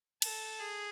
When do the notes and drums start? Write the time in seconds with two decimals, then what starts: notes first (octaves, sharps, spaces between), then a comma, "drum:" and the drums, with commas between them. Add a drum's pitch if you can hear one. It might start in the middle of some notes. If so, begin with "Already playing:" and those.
0.22 A4, drum: cymbal
0.59 G#4